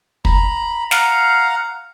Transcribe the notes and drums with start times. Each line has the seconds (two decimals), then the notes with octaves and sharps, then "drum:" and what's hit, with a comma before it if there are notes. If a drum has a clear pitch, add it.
0.25 A#5 B5, drum: kick
0.91 F5 F#5 A#5, drum: snare